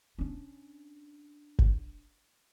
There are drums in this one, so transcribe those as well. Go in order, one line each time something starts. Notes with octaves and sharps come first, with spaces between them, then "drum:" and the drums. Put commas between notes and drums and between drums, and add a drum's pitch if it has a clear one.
C#4 D4
drum: kick G#1